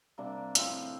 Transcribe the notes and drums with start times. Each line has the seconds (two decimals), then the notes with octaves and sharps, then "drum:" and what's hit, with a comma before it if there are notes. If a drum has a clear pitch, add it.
0.18 C3 G3 A#3 D4
0.55 A2 F3 C4 F4, drum: hi-hat